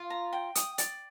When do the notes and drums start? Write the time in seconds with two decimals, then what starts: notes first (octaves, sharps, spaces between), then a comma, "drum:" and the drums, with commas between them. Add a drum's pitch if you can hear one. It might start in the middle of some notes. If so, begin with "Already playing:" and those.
Already playing: F4
0.10 A#5
0.33 G5
0.55 D#6, drum: hi-hat
0.78 D5, drum: hi-hat